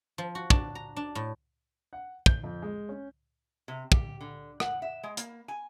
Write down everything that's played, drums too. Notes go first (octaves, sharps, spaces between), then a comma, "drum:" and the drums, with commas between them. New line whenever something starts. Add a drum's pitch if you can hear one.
F3
F#4
D4, drum: kick
A#5
D4
A2
F#5
G6, drum: kick
F2
G#3
C#4
C3
G4, drum: kick
D3
F#5, drum: rim click
E5
G#3
A#3, drum: hi-hat
G#5